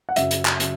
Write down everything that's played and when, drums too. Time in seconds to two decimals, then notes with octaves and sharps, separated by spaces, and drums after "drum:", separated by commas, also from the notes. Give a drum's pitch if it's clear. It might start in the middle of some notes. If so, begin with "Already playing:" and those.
0.09 F#5
0.16 F#2 C#3 F#3 E5, drum: hi-hat
0.31 drum: hi-hat
0.45 drum: clap
0.60 C#3 F#3, drum: hi-hat